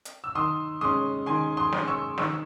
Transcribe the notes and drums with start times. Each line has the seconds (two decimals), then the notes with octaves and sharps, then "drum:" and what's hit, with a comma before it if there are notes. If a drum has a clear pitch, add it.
0.05 drum: hi-hat
0.24 E6
0.35 D#3 C6 D#6
0.81 G#3 C#4 C6 D#6
1.26 D#3 G#5 C6
1.57 C6 D#6
1.73 G#3 C#4, drum: snare
1.88 C#6 E6
2.18 D#3 C#6 E6, drum: snare